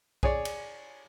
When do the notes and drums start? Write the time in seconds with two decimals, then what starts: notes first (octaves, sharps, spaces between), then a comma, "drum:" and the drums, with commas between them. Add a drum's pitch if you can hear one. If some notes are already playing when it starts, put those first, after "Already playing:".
0.23 G#4 C#5 D5, drum: kick B1
0.45 drum: cymbal